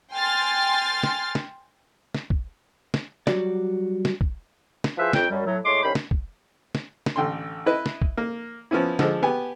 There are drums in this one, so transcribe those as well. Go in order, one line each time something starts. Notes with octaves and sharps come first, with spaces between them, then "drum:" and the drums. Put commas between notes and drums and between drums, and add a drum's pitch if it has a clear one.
G5 G#5 C6 F6 A6
drum: snare
drum: snare
drum: snare
drum: kick
drum: snare
F#3 G3 F#4 D5, drum: snare
drum: snare
drum: kick
drum: snare
F3 E4 G#4 B4 C5 E5
F2 G5, drum: snare
F#2 G3
A2 F#3
A2 G#3 C#5 C6 D6
C2 D#3 C#4 C5 B5
drum: snare
drum: kick
drum: snare
drum: snare
A1 D3 G5 C6
E4 B4 D#5
drum: snare
drum: kick
A#3
F3 B3 C#4 E4
D3 F3 G#3, drum: snare
B3 G4 G#5